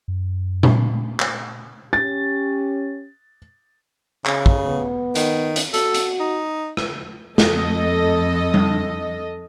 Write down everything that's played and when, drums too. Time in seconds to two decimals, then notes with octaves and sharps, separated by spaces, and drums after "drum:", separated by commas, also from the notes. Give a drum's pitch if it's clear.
0.08 F#2
0.63 drum: tom A#2
1.20 drum: clap
1.93 C#4 G4 A6
4.25 C#3, drum: clap
4.46 drum: kick
4.66 B3
5.15 D#3, drum: hi-hat
5.56 drum: hi-hat
5.74 F#4 A4, drum: hi-hat
5.94 drum: hi-hat
6.20 D#4
6.77 drum: rim click
7.38 F2 A4 D#5, drum: snare
8.54 drum: tom G3